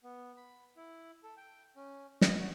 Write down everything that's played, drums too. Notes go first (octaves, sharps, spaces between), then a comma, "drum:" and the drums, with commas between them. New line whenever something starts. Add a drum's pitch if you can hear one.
B3
B5
E4
A4
G5
C#4
D#5, drum: snare
F#4